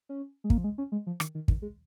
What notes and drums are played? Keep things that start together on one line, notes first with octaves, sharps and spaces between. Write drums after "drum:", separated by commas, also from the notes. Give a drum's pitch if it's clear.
C#4
G#3
A#3, drum: kick
F3
G#3
C#4
G#3
F3
D#3, drum: rim click
D#3
D#3, drum: kick
G#3